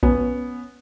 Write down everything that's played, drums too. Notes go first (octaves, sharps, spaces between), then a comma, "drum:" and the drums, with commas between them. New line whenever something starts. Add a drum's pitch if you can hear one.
B3 C#4, drum: kick A#1